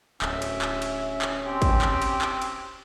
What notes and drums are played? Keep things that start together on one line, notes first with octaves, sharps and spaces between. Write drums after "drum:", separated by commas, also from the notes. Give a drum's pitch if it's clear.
D1 C#4 E5, drum: clap
drum: cymbal
drum: clap
drum: cymbal
drum: clap
C4 G4
drum: kick, cymbal
drum: clap
drum: cymbal
drum: clap
drum: cymbal